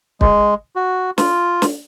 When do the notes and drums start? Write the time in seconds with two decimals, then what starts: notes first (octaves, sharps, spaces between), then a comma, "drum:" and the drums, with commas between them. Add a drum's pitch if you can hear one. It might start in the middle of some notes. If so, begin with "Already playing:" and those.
0.21 G#3, drum: kick
0.76 F#4
1.18 F4, drum: snare
1.62 drum: snare